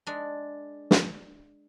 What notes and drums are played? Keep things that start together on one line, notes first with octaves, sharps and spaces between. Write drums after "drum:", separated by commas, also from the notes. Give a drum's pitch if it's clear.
G#3 D4
drum: snare